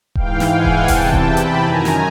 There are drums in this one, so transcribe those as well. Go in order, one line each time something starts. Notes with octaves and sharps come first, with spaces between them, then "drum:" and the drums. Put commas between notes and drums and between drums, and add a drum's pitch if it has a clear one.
G#2 E3 F5 G5, drum: kick D#1
drum: snare
F#5 G#5
drum: kick D#1
E2 C3 E3 G5 A5, drum: kick D#1, open hi-hat
drum: kick D#1
A5 B5
drum: hi-hat
F#2 D#3 G#5 A#5
drum: snare